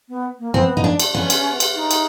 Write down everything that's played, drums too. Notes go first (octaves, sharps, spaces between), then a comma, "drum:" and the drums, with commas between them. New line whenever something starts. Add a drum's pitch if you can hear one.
B3
A#3
B3 C4
D#4
D4
drum: cymbal
B3 C#4
drum: cymbal
drum: cymbal
D#4
drum: cymbal